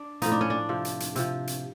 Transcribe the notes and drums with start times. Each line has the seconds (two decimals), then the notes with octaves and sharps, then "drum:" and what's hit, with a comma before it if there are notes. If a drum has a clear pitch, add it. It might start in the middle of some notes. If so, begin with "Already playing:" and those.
Already playing: D4
0.22 A2 F3 D#4, drum: hi-hat
0.32 D4
0.41 C#4
0.50 D4
0.69 C3 F3
0.85 drum: hi-hat
1.00 drum: hi-hat
1.16 C3 F3, drum: hi-hat
1.47 drum: hi-hat